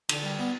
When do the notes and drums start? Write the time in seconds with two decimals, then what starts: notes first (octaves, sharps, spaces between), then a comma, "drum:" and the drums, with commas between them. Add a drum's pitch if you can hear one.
0.09 D3, drum: cymbal
0.23 G3
0.39 B3